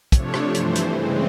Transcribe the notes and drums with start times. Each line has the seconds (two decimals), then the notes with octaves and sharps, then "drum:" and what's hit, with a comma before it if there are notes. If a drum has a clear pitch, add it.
0.12 C3 F3 A3 D4 C#5, drum: kick, hi-hat
0.34 drum: rim click
0.55 G2 E3 A3 C5, drum: hi-hat
0.75 drum: hi-hat
0.96 C#3 E3 G#3 C4